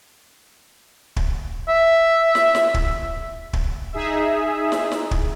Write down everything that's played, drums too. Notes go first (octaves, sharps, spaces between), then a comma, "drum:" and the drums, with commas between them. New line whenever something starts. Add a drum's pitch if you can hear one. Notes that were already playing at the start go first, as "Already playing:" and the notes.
drum: kick
E5
drum: snare
drum: snare
drum: kick
drum: kick
D#4 G#4 E5
drum: snare
drum: snare
drum: kick